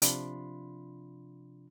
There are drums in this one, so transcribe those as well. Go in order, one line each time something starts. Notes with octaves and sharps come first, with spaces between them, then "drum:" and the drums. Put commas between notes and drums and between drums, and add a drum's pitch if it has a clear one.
C3 F3 D4 F4 B5 C6, drum: hi-hat